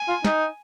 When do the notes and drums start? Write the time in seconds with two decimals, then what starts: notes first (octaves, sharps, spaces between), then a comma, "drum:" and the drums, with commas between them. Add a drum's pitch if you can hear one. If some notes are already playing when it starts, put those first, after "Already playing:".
Already playing: G#5
0.08 F4
0.25 D#4, drum: snare